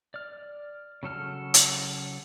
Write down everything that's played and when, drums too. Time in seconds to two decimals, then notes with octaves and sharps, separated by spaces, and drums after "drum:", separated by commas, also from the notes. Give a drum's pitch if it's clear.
0.14 D5 F6
1.03 C#3 F#3 A4 F6
1.54 drum: hi-hat